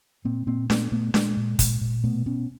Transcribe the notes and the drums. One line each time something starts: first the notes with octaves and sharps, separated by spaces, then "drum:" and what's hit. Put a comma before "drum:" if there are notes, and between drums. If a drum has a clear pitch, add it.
A#2 A#3 C4
A#2 A#3 C4
A#2 A3 B3, drum: snare D4
A#2 A3 B3
A#2 G#3 A#3, drum: snare D4
A#2
A#2, drum: kick, hi-hat
A#2
B2 A3 B3
B2 B3 C#4